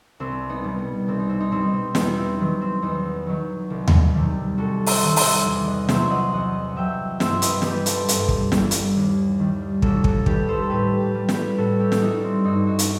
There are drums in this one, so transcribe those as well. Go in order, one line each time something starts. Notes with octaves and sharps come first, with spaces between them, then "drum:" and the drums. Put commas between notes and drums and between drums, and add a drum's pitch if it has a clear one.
C2 C4
B3 D#4
B2 G3
B3
C2 C4
D#4
C4
D#4
B2 G3 C4
D#4
C4
E2 B3 D#4, drum: snare
C4 E4
D#3 F#3 B3
C4
E2 B3 D#4
D#3 F#3
C2
drum: tom D#2
C3 D#3 G3
C2 F#4 A4
C5 E5, drum: open hi-hat
C3 D#3 G3
C5 E5, drum: open hi-hat
E2
D#5 F#5
C3 F#3 C5 E5, drum: snare
D#5 F#5
E2 D#5 F#5
C3 F#3 E5 G5
G2 C5 E5, drum: snare
B4 D#5, drum: hi-hat
E3 G3 G4 B4, drum: snare
A4 C5, drum: hi-hat
G2, drum: hi-hat
drum: kick
E3 G3, drum: snare
drum: hi-hat
D#2
D#3 G3
D#2 F#4 A4, drum: kick
F#4 A4, drum: kick
D#3 G3 G4 B4, drum: kick
A4 C5
A4
A2 G4 B4
G4 B4
G3
G4 B4, drum: snare
A2 F#4 A4
E4 G4
drum: snare
G3 D#4 F#4
C4 E4
G2 D#4 F#4
D#4 F#4
drum: hi-hat